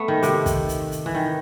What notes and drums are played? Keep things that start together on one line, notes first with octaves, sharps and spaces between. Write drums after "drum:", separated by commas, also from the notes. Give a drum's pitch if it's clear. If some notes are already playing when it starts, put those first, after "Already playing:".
Already playing: A3 B3
D#3
C3, drum: hi-hat
drum: kick, hi-hat
drum: hi-hat
drum: hi-hat
E3
D#3